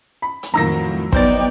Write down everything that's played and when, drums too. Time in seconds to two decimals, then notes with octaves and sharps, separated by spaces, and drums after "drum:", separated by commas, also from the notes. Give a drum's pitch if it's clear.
0.22 B5
0.43 drum: hi-hat
0.54 F2 A2 D#3 F#3 A#3 A#5 E6 A#6
1.12 F#3 B3 D#4 C5 D5 G5 G6 A6, drum: kick